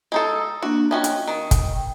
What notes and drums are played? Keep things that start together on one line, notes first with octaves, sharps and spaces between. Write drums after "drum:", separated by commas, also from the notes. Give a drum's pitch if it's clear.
G#3 D#4 A4 A#5
A#3 D4 F#4
F3 C#4 F#4 D#5 G5
drum: hi-hat
D#3
drum: kick, hi-hat
G5